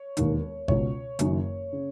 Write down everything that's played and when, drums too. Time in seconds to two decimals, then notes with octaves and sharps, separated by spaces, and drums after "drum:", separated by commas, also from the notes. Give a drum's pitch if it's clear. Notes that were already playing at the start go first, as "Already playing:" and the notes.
Already playing: C#5
0.17 E1 D#2 D#3, drum: hi-hat
0.68 C#2 B2 C#5, drum: kick G#1
1.19 F#1 F#2 D#3, drum: hi-hat
1.73 C#3